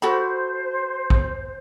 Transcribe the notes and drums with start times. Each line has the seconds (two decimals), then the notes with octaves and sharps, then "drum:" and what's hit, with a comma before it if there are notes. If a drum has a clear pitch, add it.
0.02 F#4 A4 C5 B5
1.10 drum: kick A#1